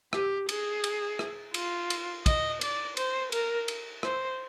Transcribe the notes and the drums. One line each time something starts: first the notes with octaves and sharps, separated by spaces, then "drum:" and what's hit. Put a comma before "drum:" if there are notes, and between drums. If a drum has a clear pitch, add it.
G4, drum: rim click
G#4, drum: cymbal
drum: cymbal
drum: rim click
F4, drum: cymbal
drum: cymbal
D#5, drum: kick, cymbal
D5, drum: cymbal
C5, drum: cymbal
A#4, drum: cymbal
drum: cymbal
C5, drum: rim click